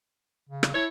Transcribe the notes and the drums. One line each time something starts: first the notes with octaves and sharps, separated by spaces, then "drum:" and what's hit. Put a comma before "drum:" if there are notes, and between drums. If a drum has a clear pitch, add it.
C#3
drum: rim click
E4 A4 C#5